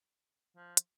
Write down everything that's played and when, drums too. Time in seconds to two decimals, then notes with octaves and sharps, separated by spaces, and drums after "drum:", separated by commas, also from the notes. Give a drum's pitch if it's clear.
0.56 F3
0.77 drum: hi-hat